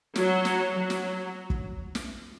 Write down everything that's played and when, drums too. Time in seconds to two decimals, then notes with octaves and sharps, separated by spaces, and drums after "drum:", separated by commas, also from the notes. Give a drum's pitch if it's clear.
0.16 F#3, drum: snare
0.45 drum: snare
0.75 F#3
0.90 drum: snare
1.50 drum: kick
1.95 drum: snare